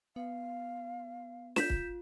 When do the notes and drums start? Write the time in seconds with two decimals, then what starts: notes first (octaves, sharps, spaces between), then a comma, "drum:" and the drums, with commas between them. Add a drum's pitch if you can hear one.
0.16 B3 F5
1.56 F4 G6 B6 E7, drum: snare
1.70 drum: kick